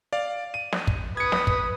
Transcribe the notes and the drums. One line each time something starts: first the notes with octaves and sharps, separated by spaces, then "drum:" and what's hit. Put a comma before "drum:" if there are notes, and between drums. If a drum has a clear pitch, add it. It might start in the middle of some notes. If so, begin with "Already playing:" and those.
D5 F5
D#7
drum: snare
drum: kick
B4 D#6 G#6 C#7
drum: snare
drum: kick